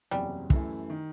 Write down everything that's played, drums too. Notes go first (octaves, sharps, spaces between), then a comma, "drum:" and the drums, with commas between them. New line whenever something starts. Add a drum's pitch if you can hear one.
F#1 E2 C3 F#3 G3
F#2 E3 A3 E4, drum: kick
D#3